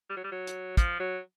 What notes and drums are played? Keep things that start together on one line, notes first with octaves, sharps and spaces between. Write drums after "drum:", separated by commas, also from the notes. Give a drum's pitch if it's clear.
G3
F#3
G3
F#3
drum: hi-hat
F3, drum: kick, hi-hat
F#3